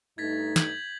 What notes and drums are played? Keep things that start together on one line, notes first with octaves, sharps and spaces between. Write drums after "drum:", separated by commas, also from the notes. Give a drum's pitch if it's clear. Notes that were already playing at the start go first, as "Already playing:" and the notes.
G2 A3 D#4 G#6 A6 B6
G6 G#6 F#7, drum: snare